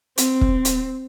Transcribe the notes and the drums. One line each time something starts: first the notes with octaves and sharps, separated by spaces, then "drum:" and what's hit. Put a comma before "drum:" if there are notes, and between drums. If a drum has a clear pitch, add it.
C4, drum: hi-hat
drum: kick
drum: hi-hat